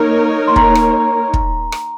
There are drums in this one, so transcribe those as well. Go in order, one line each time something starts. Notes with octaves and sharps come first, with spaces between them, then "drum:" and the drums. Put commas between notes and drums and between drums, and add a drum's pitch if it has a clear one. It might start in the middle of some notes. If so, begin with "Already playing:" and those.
Already playing: A#3 D#4 A#4 C#5 A#5
C6
A#5, drum: kick
drum: rim click
drum: kick
drum: rim click